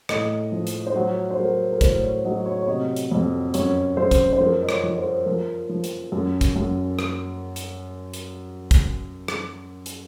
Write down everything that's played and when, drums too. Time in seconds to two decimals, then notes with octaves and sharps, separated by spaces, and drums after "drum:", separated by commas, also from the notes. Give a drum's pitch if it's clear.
0.09 A2 D#5, drum: rim click
0.52 F3
0.67 drum: hi-hat
0.87 C5
0.95 F#3 C#5
1.30 C5
1.39 F#3 A#4
1.72 A#4
1.81 A2 C5, drum: kick, hi-hat
2.03 C#5
2.25 F#3 D#5
2.46 C#5
2.62 C#5
2.68 C3 D#5
2.96 drum: hi-hat
3.11 F2
3.54 F#2 C#5, drum: hi-hat
3.97 F#2 C5
4.11 drum: kick, hi-hat
4.33 C5
4.40 F3 A#4
4.63 D#5
4.69 C#5, drum: rim click
4.83 F3
4.98 C5
5.26 F3 A#4
5.69 F3
5.84 drum: hi-hat
6.12 F#2
6.41 drum: kick, hi-hat
6.56 F#2
6.99 drum: rim click
7.56 drum: hi-hat
8.13 drum: hi-hat
8.71 drum: kick, hi-hat
9.28 drum: rim click
9.86 drum: hi-hat